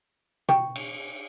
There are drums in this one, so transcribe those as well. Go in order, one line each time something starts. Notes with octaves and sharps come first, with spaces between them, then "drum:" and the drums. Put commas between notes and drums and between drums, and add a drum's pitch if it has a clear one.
G5 C#6, drum: tom
drum: cymbal